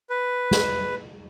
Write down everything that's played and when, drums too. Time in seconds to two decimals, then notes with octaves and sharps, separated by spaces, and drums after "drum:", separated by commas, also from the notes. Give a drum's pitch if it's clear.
0.10 B4
0.51 drum: snare